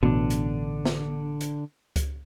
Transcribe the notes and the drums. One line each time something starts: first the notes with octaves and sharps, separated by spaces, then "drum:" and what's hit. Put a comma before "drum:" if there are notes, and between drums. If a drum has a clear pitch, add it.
A1 B2 D3 D4
drum: hi-hat
drum: snare
drum: hi-hat
drum: kick C#2, hi-hat